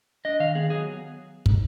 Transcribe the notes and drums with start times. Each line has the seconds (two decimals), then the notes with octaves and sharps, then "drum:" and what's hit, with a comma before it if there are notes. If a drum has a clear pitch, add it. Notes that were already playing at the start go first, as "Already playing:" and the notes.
0.25 D4 D#5
0.40 D#3 F5
0.55 B3 G#4
0.70 F#3 G#4
1.46 drum: kick